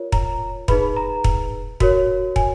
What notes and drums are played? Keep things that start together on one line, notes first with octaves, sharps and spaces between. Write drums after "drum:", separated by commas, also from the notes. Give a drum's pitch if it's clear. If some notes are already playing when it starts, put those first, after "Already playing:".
Already playing: F4 A#4 C#5
A#5, drum: kick
D#4 G#4 B4 B5, drum: kick
A#5
drum: kick
F#4 A#4 C#5, drum: kick
G#5, drum: kick